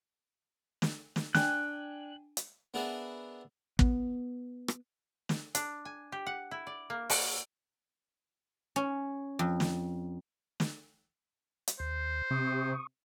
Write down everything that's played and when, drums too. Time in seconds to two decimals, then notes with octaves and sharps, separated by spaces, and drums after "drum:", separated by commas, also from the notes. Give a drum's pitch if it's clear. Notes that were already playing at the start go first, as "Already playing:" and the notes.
0.82 drum: snare
1.16 drum: snare
1.35 D4 G5 G#5 F#6, drum: snare
2.37 drum: hi-hat
2.74 B3 D4 G#4 A#4 B4 E5
3.79 B3, drum: kick
4.68 drum: rim click
5.29 drum: snare
5.55 D4, drum: hi-hat
5.85 G#5
6.12 G4
6.27 F#5
6.51 E4
6.67 D5
6.90 A#3
7.10 F#4, drum: open hi-hat
8.76 C#4
9.39 F2
9.60 drum: snare
10.60 drum: snare
11.68 drum: hi-hat
11.80 D#2 C5
12.31 C3 C#6 D#6